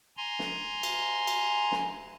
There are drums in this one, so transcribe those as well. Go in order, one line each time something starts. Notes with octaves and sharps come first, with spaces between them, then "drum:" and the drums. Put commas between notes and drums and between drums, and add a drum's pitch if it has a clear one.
G#5 A#5 C6
drum: snare
drum: cymbal
drum: cymbal
drum: snare